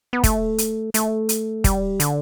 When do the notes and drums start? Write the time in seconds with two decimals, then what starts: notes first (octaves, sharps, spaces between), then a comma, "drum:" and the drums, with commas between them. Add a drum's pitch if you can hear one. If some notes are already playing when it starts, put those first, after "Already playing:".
0.13 B3
0.24 A3, drum: kick, hi-hat
0.58 drum: hi-hat
0.94 A3, drum: hi-hat
1.29 drum: hi-hat
1.64 G3, drum: kick, hi-hat
2.00 D3, drum: hi-hat